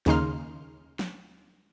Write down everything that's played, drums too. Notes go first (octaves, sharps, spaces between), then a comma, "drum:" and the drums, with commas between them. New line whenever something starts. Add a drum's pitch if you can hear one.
D#2 C#3 D#4 C6 F6, drum: snare
drum: snare